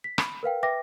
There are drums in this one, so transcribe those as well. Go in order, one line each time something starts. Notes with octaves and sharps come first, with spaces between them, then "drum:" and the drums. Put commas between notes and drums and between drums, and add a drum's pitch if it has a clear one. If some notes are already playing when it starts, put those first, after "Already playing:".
B6
B5, drum: rim click
A#4 B4 F5 G5
B4 E5 G5 D6 A#6